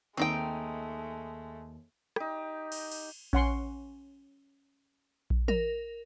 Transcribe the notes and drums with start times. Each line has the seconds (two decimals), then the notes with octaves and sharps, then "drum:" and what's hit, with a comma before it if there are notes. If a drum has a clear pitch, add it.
0.17 D#2 G#3 A3 C4 D#4 G5
2.16 D#4 G4, drum: rim click
2.72 drum: cymbal
2.92 drum: cymbal
3.33 C#4 F#5 C6, drum: kick A#1
5.30 drum: kick A#1
5.48 A#4, drum: tom